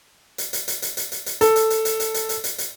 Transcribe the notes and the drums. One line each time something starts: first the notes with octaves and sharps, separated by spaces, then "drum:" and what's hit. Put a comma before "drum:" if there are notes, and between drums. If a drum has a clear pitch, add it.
drum: hi-hat
drum: hi-hat
drum: hi-hat
drum: hi-hat
drum: hi-hat
drum: hi-hat
drum: hi-hat
A4, drum: hi-hat
drum: hi-hat
drum: hi-hat
drum: hi-hat
drum: hi-hat
drum: hi-hat
drum: hi-hat
drum: hi-hat
drum: hi-hat